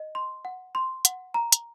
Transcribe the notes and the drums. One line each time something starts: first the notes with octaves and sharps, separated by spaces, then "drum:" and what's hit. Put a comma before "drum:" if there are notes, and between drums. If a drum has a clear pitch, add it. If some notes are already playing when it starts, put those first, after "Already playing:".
Already playing: D#5
C6
F#5
C6
F#5, drum: hi-hat
A#5
drum: hi-hat